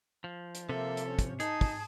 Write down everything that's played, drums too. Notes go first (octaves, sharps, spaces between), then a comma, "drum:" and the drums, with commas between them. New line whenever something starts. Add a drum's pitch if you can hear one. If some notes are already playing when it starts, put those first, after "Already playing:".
F3
drum: hi-hat
C3 A#3 A4 E5
drum: hi-hat
C#4 C#5
drum: kick, hi-hat
D#4 G#4 A5 D#6, drum: hi-hat
drum: kick, open hi-hat